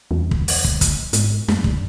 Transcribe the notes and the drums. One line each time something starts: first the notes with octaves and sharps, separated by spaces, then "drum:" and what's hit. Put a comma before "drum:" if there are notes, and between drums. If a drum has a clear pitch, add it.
E2
drum: kick
drum: open hi-hat
drum: kick
G1, drum: kick, hi-hat
G#2, drum: hi-hat
F#2, drum: snare
drum: kick